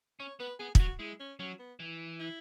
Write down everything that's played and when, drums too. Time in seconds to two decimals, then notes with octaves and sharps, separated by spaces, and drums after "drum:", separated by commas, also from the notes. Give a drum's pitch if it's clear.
0.20 C#4 C#5
0.40 B3 B4
0.59 B3 G#4
0.75 E4, drum: kick
0.79 F#3 F#4
0.99 G#3 E4
1.20 C#4
1.39 F#3 C#4
1.60 B3
1.80 E3
2.20 E4